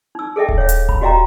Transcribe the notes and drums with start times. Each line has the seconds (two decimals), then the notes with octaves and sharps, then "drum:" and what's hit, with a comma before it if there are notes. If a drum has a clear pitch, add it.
0.15 D#4 E6
0.36 G#4 A4 D#5 E5 G5
0.49 drum: kick D#1
0.58 C#5 F5
0.69 drum: hi-hat
0.89 B5, drum: kick D#1
1.01 F#4 G4 D#5 F5 G5 A#5